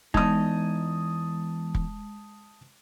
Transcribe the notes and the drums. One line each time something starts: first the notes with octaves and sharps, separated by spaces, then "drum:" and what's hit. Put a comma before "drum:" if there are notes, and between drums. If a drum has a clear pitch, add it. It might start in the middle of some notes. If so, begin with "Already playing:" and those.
E2 G#3 D#4 A5 D#6, drum: kick
drum: kick